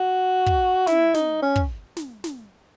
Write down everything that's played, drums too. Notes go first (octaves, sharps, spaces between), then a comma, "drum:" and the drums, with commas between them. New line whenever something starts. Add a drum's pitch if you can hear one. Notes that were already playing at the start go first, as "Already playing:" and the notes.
Already playing: F#4
drum: kick
E4, drum: snare
D#4, drum: snare
C#4
drum: kick
drum: snare
drum: snare